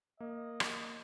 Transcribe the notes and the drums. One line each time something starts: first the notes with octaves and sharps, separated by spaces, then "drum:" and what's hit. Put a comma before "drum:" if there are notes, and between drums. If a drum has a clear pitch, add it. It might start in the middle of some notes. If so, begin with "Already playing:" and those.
A#3 D#5
drum: rim click